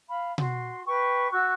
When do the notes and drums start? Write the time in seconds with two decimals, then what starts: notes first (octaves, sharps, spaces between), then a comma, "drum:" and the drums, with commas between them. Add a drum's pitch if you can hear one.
0.08 F5 B5
0.38 F#4 C6, drum: tom B2
0.86 B4 G5 C#6
1.31 F#4 C#6 E6 F#6